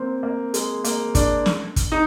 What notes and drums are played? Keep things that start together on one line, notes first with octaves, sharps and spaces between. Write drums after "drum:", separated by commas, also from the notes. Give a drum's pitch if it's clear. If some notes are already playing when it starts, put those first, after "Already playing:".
Already playing: A#3 C4
A#3
G#3, drum: hi-hat
A#3, drum: hi-hat
D4, drum: kick, hi-hat
drum: snare
drum: kick, hi-hat
D#4